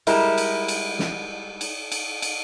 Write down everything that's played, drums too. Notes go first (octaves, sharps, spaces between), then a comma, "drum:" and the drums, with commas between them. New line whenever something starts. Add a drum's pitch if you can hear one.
G3 G#3 E4 A#4, drum: cymbal
drum: cymbal
drum: cymbal
drum: snare
drum: cymbal
drum: cymbal
drum: cymbal